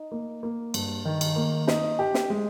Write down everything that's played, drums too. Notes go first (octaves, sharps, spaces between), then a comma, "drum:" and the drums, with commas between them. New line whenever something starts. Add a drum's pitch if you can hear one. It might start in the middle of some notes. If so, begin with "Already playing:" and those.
Already playing: D#4
A#3
A#3
G2, drum: cymbal
D#3
drum: cymbal
A#3
D#4, drum: snare
G4
drum: snare
G#3